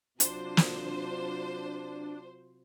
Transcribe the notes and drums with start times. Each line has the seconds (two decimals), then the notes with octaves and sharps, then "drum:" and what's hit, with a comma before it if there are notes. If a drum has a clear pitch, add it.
0.20 C3 F#3 D4 F4 C5, drum: hi-hat
0.57 drum: snare